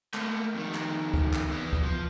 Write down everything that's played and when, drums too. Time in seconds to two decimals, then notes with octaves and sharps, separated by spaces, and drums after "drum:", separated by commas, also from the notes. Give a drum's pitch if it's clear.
0.14 A3 A#3, drum: clap
0.55 F2 D#3
0.74 drum: clap
1.14 drum: kick
1.33 drum: clap
1.50 E2 B3
1.73 drum: kick
1.83 F3